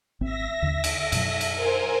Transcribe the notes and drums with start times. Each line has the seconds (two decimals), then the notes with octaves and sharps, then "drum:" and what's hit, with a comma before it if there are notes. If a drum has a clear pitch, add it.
0.21 G#1 C4 E5 A#6
0.62 D#2 D3
0.84 drum: cymbal
1.12 F#2 B2 F#3, drum: cymbal
1.41 drum: cymbal
1.53 A#4 C5 G#5